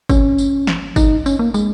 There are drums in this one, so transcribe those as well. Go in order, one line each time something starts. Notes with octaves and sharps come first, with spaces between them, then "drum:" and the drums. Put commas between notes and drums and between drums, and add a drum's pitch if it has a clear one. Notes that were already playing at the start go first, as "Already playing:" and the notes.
C#4, drum: kick G1, tambourine
drum: tambourine
drum: snare
D#4, drum: kick G1, tambourine
C#4, drum: tambourine
A#3
G#3, drum: tambourine